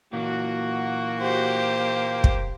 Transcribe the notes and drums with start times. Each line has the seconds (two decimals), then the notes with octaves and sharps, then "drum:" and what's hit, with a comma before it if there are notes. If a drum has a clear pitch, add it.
0.13 A#2 E3 F#3 A#3 F#4
1.20 G4 C5
2.24 drum: kick